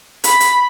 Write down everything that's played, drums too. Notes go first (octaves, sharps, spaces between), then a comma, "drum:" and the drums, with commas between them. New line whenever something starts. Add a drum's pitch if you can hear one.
B5, drum: hi-hat
drum: hi-hat